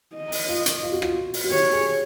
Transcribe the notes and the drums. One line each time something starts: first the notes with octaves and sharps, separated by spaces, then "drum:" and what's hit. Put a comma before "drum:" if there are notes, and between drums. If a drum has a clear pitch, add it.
D#5
drum: open hi-hat
F4
drum: hi-hat
F4
F#4
F4, drum: rim click
drum: open hi-hat
F#4
G4 C#5
G#4